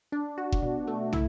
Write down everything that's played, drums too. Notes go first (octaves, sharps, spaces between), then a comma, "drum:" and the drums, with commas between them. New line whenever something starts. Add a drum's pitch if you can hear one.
D4
F#4
drum: kick F1
B2
A3
E4, drum: tom